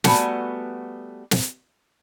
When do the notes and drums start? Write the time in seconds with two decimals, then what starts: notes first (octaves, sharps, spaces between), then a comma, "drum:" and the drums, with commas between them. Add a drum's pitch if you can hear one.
0.04 G3 A3 B3 F#4 G#5, drum: snare
1.31 drum: snare